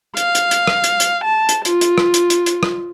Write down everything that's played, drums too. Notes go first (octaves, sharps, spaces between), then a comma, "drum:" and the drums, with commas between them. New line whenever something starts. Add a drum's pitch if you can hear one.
F5, drum: hi-hat
drum: hi-hat
drum: hi-hat
drum: rim click
drum: hi-hat
drum: hi-hat
A5
drum: hi-hat
F4, drum: hi-hat
drum: hi-hat
drum: rim click
drum: hi-hat
drum: hi-hat
drum: hi-hat
drum: rim click